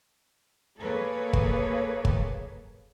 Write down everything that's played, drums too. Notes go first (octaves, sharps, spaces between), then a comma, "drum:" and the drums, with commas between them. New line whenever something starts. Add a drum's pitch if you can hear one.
A#3 G#4 A4 B4 C#5
drum: kick
drum: kick